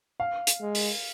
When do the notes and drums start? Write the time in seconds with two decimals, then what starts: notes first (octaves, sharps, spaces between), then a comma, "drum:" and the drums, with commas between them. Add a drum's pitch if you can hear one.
0.20 F5
0.47 drum: hi-hat
0.62 G#3
0.75 drum: open hi-hat